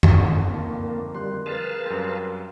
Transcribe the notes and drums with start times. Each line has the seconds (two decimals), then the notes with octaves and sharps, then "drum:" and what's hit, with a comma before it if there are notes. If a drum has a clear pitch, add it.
0.03 drum: tom F#2
0.18 F2 D3 D#3
0.50 A#3 F5 A5
0.81 A#4
1.15 G3 C6 F#6
1.46 G#4 B4 F5 A5
1.86 F#2 G3 C4